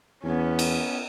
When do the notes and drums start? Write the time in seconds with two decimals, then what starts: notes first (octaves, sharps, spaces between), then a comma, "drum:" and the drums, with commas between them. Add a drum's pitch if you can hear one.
0.23 E2 B3 C#4
0.59 drum: cymbal